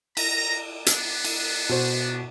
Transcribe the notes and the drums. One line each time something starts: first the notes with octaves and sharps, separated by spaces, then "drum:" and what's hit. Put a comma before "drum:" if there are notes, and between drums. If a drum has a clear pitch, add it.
A#5, drum: cymbal
B3 D4, drum: hi-hat
drum: cymbal
B2 C5